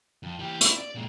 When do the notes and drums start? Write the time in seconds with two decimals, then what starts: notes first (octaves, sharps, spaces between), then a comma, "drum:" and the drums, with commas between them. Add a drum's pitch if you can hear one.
0.23 F2
0.39 E3 G4
0.61 E4, drum: hi-hat
0.76 D5
0.95 A#2 G#3